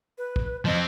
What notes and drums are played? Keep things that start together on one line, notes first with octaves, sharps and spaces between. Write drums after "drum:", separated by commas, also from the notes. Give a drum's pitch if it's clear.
B4
drum: kick
F3 C4 D#5